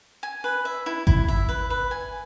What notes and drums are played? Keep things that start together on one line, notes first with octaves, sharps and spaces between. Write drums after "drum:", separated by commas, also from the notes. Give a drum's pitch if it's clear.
G#5
B4
E5
E4
E4, drum: kick G#1
E5
B4
B4
G#5